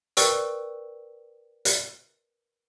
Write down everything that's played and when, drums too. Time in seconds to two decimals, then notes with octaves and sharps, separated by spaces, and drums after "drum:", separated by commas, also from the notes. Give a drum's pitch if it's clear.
0.17 A#4 B4 D5 G5 C#6 E6, drum: hi-hat
1.65 drum: hi-hat